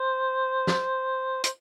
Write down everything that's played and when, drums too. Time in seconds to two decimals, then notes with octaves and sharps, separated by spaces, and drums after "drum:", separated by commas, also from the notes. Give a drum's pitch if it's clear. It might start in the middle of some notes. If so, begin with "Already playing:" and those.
Already playing: C5
0.67 drum: snare
1.44 C5, drum: hi-hat